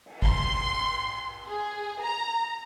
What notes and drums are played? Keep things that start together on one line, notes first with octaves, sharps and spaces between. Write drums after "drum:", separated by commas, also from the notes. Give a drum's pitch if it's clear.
drum: cymbal
C6, drum: kick G1
G#4
A#5